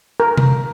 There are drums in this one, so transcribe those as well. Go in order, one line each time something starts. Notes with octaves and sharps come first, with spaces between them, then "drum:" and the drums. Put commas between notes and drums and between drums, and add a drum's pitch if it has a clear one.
A#4
drum: tom C3